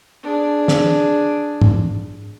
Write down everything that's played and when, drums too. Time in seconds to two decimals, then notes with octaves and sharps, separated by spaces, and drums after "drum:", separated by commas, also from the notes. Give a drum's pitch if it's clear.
0.24 D4 G#4
0.68 drum: snare
1.61 drum: tom